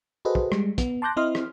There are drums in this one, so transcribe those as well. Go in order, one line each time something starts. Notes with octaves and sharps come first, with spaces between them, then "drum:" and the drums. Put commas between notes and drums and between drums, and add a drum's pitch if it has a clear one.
F#4 G#4 A4 B4 C5 D#5
drum: kick
G3 G#3, drum: rim click
B3, drum: kick, hi-hat
A5 C6 D6 F#6 G6 A#6
C4 E4 D#5 C6 F6
drum: rim click